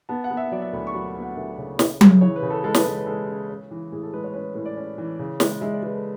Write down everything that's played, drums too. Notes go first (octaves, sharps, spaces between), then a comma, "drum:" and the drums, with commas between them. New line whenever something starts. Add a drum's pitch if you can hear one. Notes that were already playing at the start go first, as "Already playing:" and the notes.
B3 A5
F#5
B3
E5
F#3 D5
E5
D2 B5
C#6
F#3 B5
B5
B3
F#5
D2 E5
C#3
C#3, drum: snare
C#3, drum: tom F#3
E3 C#5
B4
C#3
A4
G#3 A4
B4, drum: snare
G#3 B4
B4
G#3 A4
C#4
C#4
E3
A2 G#4
A4
G#3 B4
C#5
C#4 B4
A2
D5
C#4
E3
C#3
G#3, drum: snare
G#3 E5
D5
G#3 B4
A4